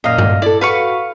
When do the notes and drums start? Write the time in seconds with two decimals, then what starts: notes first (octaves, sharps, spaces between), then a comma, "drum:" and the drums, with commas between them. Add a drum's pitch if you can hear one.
0.04 F#2 A#2 D#5 F5
0.18 drum: tom G2
0.42 E4 A4 D5
0.61 F#4 B4 F5 C#6